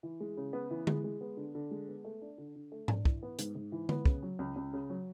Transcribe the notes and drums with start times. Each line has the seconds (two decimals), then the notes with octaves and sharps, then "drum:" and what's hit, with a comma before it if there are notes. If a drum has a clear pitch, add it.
0.03 E3
0.20 G#3
0.37 C#3
0.53 B3
0.71 E3
0.87 G#3, drum: tom D3
1.04 G#3
1.21 B3
1.37 D3
1.55 D3
1.71 G#3
1.88 B3
2.05 A3
2.21 D4
2.38 D3
2.55 D3
2.72 A3
2.88 D4, drum: tom G#2
3.05 E3, drum: kick
3.23 B3
3.39 G#2, drum: hi-hat
3.55 G#2
3.72 E3
3.89 B3, drum: tom D3
4.05 C#3, drum: kick
4.22 F#3
4.39 C#2
4.56 C#2
4.73 C#3
4.90 F#3